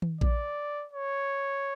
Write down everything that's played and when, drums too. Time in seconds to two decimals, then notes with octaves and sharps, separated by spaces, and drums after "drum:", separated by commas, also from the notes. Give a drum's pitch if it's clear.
0.02 drum: tom D#3
0.21 D5, drum: kick A#1
0.93 C#5